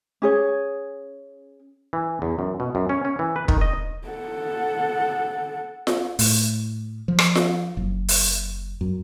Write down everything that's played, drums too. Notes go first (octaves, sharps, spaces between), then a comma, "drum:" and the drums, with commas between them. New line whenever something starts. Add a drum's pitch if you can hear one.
C#4 G#4 C#5
E3
E2
F#2
B2
F#2
C#4
C#4
E3
B4
D#3, drum: kick
D#5
A4 F#5
drum: snare F4
A2, drum: open hi-hat
F3
drum: rim click
drum: snare F4
F#1
drum: open hi-hat
F#2